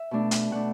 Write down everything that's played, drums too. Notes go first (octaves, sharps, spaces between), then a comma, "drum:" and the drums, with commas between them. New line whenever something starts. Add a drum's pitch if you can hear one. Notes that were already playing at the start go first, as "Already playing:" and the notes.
Already playing: E5
B2 A3 D4
drum: hi-hat
B2 A3 D4 F#5